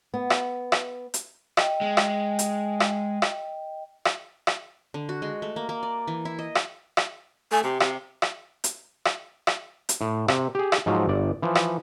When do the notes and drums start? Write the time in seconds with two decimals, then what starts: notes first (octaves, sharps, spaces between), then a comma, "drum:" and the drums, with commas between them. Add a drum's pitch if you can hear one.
0.14 B3
0.30 drum: rim click
0.72 drum: rim click
1.14 drum: hi-hat
1.57 D#5 G5, drum: rim click
1.81 G#3
1.97 drum: rim click
2.39 drum: hi-hat
2.80 drum: rim click
3.22 drum: rim click
4.05 drum: rim click
4.47 drum: rim click
4.94 D3
5.09 F#4
5.22 G#3
5.42 A3
5.56 A#3
5.69 A#3
5.83 D5
6.07 E3
6.25 E4
6.39 D#5
6.55 drum: rim click
6.97 drum: rim click
7.52 A3 G#5
7.64 C3 G4
7.80 C3, drum: rim click
8.22 drum: rim click
8.64 drum: hi-hat
9.05 drum: rim click
9.47 drum: rim click
9.89 drum: hi-hat
10.01 A2
10.28 C3, drum: rim click
10.55 G4 G#4
10.72 drum: rim click
10.86 G#2 F3 F#3
11.08 G1 D5
11.42 E3 F3
11.55 drum: rim click